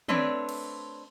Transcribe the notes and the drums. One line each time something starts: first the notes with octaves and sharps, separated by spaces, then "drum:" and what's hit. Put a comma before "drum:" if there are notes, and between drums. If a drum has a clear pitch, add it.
A3 C4 D4 B4 C#5 D5, drum: tom D#3
drum: cymbal